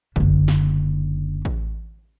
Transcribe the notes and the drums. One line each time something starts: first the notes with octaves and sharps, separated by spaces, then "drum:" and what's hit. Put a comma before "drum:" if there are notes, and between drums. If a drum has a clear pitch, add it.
F#1 D3, drum: kick A1
drum: snare
drum: kick A1